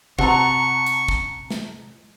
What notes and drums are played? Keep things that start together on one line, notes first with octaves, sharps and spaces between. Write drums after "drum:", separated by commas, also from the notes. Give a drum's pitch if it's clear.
C3 F#5 A5 A#5 C#6, drum: kick
drum: hi-hat
drum: kick
drum: snare